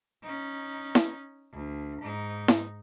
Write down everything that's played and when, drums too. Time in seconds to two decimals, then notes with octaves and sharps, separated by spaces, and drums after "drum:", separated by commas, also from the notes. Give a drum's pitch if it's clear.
0.23 C#4 D#4
0.95 drum: snare E4
1.53 D2
2.02 G#2 D#4
2.48 drum: snare E4